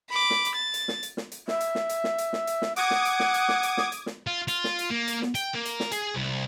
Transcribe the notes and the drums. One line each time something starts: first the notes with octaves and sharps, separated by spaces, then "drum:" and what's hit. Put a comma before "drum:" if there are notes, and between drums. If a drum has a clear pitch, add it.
B5 D6
drum: snare
drum: hi-hat
A6
drum: hi-hat
drum: snare
drum: hi-hat
drum: snare
drum: hi-hat
E5, drum: snare
drum: hi-hat
drum: snare
drum: hi-hat
drum: snare
drum: hi-hat
drum: snare
drum: hi-hat
drum: snare
F#5 D6 D#6 G#6, drum: hi-hat
drum: snare
drum: hi-hat
drum: snare
drum: hi-hat
drum: snare
drum: hi-hat
drum: snare
drum: hi-hat
drum: snare
F4
F4, drum: hi-hat
drum: snare
drum: hi-hat
A#3
drum: hi-hat
drum: snare
G5, drum: hi-hat
A#3
drum: hi-hat
drum: snare
G#4, drum: hi-hat
C2